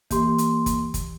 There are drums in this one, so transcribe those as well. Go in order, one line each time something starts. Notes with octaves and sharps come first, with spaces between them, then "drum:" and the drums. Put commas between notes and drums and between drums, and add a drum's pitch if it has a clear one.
E3 A#3 G4 C6, drum: kick, hi-hat
drum: hi-hat
drum: kick, hi-hat
drum: kick, hi-hat